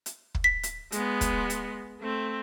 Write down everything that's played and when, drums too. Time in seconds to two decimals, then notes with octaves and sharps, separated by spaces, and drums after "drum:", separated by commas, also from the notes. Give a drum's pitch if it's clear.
0.06 drum: hi-hat
0.35 drum: kick
0.44 B6
0.63 drum: hi-hat
0.92 G#3 B3, drum: hi-hat
1.21 drum: kick, hi-hat
1.50 drum: hi-hat
2.00 A3 C4